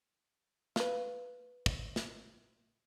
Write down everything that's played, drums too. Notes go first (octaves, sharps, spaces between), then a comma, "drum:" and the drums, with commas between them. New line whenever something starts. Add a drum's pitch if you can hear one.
B4 F5, drum: snare
drum: kick
drum: snare